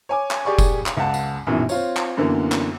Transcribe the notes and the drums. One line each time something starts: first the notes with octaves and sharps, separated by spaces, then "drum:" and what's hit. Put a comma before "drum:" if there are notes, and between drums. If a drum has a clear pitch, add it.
C#5 G#5 D6
drum: clap
G4 G#4 D5 G#5 C#6
drum: kick F1, tambourine
drum: clap
C#2 F#5 A5
drum: tambourine
A#1 F#2 B2 D#3 E3
C4 F4 C#5, drum: tambourine
drum: clap
F#2 D3 E3 A#3 B3
drum: clap